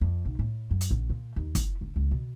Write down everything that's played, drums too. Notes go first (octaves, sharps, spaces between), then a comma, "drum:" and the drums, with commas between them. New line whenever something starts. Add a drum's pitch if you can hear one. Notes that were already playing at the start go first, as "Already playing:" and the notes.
F2
B1
A2
F#2
drum: hi-hat
A#1
A#2
D#2
E4, drum: kick, hi-hat
C#2
C#2
B2